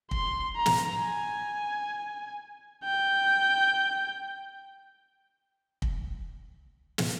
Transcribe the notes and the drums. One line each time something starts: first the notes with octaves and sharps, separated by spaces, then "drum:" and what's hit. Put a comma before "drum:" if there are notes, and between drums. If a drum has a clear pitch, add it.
C6, drum: kick
A#5
drum: snare
G#5
G5
drum: kick
drum: snare